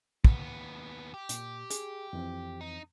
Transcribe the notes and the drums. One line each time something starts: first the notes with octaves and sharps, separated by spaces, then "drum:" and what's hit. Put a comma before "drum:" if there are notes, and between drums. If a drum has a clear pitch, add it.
D#2 B3, drum: kick
G4
A#2, drum: hi-hat
G#4, drum: hi-hat
F2 E3 C4
D#4